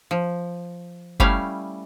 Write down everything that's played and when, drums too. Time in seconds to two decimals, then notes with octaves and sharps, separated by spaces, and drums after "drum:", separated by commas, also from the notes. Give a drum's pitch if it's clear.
0.11 F3
1.20 G3 A3 C#4 E4 F5, drum: kick F#1